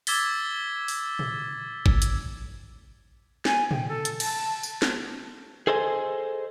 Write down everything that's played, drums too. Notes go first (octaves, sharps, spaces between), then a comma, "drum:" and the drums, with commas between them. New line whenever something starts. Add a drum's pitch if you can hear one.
D6 E6 G#6 A6 B6 G7, drum: open hi-hat
drum: open hi-hat
drum: tom
drum: kick
drum: hi-hat
G#5, drum: snare
G5, drum: tom
A4
drum: hi-hat
A5, drum: cymbal
drum: tambourine
drum: snare
G#4 A4 C5 D#5 G5 G#5